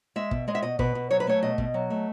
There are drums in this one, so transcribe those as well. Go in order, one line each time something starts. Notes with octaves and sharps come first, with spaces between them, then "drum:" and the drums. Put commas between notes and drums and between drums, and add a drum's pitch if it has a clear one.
G#3 E5
B2, drum: kick
G#3 D#5
E5
B2 D#5
B2 B4, drum: kick
B2
F#3 C#5
B4
A3 C#5
B2 D#5
B2, drum: kick
F#3
A3